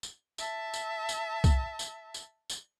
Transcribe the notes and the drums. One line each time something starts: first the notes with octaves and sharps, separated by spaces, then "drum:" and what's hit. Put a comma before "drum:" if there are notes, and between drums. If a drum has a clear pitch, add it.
drum: tambourine
E5 A5, drum: tambourine
drum: tambourine
drum: tambourine
drum: kick C2, tambourine
drum: tambourine
drum: tambourine
drum: tambourine